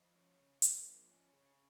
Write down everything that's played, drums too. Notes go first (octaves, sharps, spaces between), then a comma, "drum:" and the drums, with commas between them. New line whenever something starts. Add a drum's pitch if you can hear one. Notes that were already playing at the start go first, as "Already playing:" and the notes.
Already playing: F3 D#5
C#4
C#3
A#3, drum: hi-hat
F3
C#4
C#3